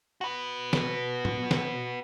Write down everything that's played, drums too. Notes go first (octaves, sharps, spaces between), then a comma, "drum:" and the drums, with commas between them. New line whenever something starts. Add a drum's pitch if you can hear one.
F#4 B4
drum: snare
drum: tom
drum: snare